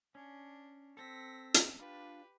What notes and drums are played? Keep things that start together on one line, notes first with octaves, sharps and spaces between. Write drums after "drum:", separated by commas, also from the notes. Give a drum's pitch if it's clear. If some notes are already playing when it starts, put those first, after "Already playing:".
C#4 D4
C4 A4 A#6 B6
drum: hi-hat
D4 F4 G4 B4